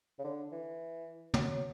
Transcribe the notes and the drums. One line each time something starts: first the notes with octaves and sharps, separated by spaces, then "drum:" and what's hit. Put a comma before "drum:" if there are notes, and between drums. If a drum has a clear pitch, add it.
C#3
D3
E3
F#3, drum: tom